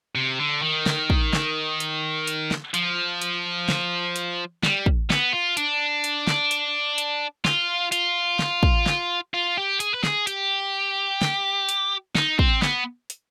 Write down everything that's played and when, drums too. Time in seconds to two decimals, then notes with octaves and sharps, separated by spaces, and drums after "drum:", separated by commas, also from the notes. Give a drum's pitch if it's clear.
0.15 C3
0.40 D3
0.62 D#3
0.86 drum: snare
1.10 drum: kick
1.33 drum: snare
1.80 drum: hi-hat
2.27 drum: hi-hat
2.51 drum: snare
2.74 F3, drum: hi-hat
3.22 drum: hi-hat
3.69 drum: snare
4.16 drum: hi-hat
4.63 G3, drum: snare
4.86 drum: kick
5.10 B3, drum: snare
5.33 F4
5.57 D4, drum: hi-hat
6.04 drum: hi-hat
6.27 drum: snare
6.51 drum: hi-hat
6.98 drum: hi-hat
7.45 F4, drum: snare
7.92 F4, drum: hi-hat
8.39 drum: snare
8.63 drum: kick
8.86 drum: snare
9.34 F4
9.57 G4
9.80 G#4, drum: hi-hat
9.94 B4
10.04 G#4, drum: snare
10.27 G4, drum: hi-hat
11.22 drum: snare
11.69 drum: hi-hat
12.15 D#4, drum: snare
12.39 C4, drum: kick
12.62 B3, drum: snare
13.10 drum: hi-hat